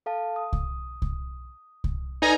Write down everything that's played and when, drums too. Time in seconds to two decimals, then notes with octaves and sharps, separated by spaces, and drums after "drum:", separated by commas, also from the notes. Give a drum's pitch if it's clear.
0.06 A4 F5 A5
0.36 D#6
0.53 drum: kick C2
1.02 drum: kick C2
1.84 drum: kick C2
2.22 D#4 A4 B4 D5 G#5 A#5